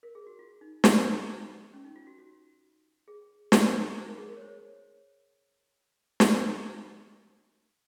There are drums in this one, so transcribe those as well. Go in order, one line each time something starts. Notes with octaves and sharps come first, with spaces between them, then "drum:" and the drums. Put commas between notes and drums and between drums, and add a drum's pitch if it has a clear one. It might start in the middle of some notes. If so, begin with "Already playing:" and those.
A#4
G#4
F#4
F4
D#4
C#4, drum: snare
C#4
D#4
F4
F#4
F#4
G#4
drum: snare
C5
A#4
G#4
A#4
C#5
C5
drum: snare